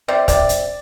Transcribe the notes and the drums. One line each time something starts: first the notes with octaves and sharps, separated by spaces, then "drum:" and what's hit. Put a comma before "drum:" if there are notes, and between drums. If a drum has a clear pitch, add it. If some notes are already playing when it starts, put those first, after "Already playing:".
C3 D5
C3 D5, drum: kick, hi-hat
drum: hi-hat